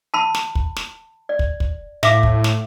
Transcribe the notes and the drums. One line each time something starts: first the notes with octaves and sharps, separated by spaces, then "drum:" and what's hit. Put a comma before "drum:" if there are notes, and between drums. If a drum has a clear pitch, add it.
A5 B5
drum: snare
drum: kick
drum: snare
D5
drum: kick
drum: kick
A2 E5 F5 D6, drum: snare
drum: kick
drum: snare